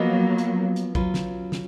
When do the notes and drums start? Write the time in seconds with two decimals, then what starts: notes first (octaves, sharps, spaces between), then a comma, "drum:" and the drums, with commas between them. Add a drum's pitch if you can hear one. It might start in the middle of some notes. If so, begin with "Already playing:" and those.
Already playing: F3 F#3 A#3 B3 F4 B4 D#5
0.38 drum: hi-hat
0.76 drum: hi-hat
0.95 F#3 C#4 F4 B4, drum: kick A#1
1.14 drum: snare
1.52 drum: snare